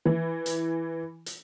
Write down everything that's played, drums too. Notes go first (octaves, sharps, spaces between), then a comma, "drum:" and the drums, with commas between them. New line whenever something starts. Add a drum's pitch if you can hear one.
E3
drum: hi-hat
drum: hi-hat